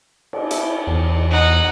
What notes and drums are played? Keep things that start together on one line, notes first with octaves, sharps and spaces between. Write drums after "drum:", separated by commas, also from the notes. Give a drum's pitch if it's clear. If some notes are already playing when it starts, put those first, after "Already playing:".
drum: cymbal
E4, drum: hi-hat
E2
D#4 F#5